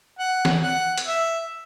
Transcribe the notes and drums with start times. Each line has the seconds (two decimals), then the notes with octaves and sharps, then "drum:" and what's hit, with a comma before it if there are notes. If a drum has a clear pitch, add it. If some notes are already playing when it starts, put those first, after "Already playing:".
0.19 F#5
0.45 drum: snare
0.63 F#5
0.98 drum: hi-hat
1.07 E5